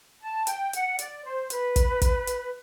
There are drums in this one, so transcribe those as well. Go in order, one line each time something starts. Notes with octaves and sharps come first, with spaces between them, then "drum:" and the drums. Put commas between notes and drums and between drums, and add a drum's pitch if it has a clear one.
A5
G5, drum: hi-hat
F#5, drum: hi-hat
D5, drum: hi-hat
C5
B4, drum: hi-hat
drum: kick, hi-hat
drum: kick, hi-hat
drum: hi-hat